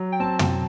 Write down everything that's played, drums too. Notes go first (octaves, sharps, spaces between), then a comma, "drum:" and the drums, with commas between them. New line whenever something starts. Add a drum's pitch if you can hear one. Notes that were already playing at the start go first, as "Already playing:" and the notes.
Already playing: F#3
G5
C4 A5
drum: tom